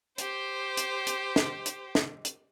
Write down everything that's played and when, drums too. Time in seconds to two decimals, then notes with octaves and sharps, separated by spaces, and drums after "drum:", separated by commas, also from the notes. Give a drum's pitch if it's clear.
0.18 G4 C5, drum: hi-hat
0.77 drum: hi-hat
1.07 drum: hi-hat
1.36 drum: snare
1.66 drum: hi-hat
1.95 drum: snare
2.25 drum: hi-hat